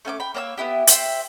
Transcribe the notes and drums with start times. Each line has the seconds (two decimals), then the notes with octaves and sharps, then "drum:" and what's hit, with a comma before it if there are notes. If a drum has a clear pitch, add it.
0.05 A3 C#4 G#5 D6
0.20 G5 B5
0.34 A#3 C#5 A#5 E6
0.57 B3 D#4 E4 G4
0.87 C5 E5 G5, drum: hi-hat